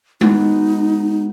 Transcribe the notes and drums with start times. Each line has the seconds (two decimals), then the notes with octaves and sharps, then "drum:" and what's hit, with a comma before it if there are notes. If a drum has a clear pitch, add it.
0.21 G#3 B3 D#4 F#4, drum: tom G#3